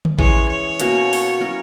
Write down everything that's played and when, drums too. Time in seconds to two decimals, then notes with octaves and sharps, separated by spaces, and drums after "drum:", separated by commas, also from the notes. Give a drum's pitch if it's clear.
0.05 drum: tom D3
0.19 E3 G#3 C#4 G#4 C#5, drum: kick A1
0.49 C#5
0.80 B2 A#3 C#4 F#4, drum: hi-hat
1.13 drum: open hi-hat
1.40 F#3 C#4 E4 A#4